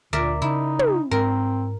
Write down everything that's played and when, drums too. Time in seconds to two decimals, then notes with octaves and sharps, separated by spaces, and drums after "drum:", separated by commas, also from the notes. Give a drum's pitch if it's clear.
0.13 D2 A#2 A#4 D5 E5
0.42 C#3 D#4 E4
0.79 drum: tom
1.11 G#2 C4 A#4